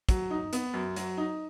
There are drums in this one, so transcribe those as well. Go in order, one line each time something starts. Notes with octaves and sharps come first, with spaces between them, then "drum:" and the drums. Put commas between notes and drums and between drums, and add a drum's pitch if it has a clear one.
F#3, drum: kick, hi-hat
D#4
B3, drum: hi-hat
F#2
F#3, drum: hi-hat
D#4